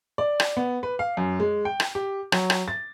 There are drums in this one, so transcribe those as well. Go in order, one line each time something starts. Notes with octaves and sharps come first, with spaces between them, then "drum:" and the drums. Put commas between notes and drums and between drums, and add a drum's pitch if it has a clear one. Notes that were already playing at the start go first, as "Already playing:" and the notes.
D5
drum: rim click
B3
B4
F5
F#2
G#3
G5
drum: rim click
G4
F#3, drum: rim click
drum: rim click
A6